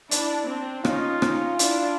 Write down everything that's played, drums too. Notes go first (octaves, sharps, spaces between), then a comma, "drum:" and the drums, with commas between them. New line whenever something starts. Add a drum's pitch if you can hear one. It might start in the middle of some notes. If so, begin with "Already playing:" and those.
D4 E4, drum: hi-hat
C4 D4
C#4 D#4 F4, drum: rim click
C#4 D#4, drum: rim click
D4 E4, drum: hi-hat